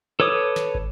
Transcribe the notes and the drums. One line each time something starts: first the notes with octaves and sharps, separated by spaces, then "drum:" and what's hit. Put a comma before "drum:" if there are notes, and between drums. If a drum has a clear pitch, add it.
A4 B4 C#5 D6 D#6
drum: snare
drum: kick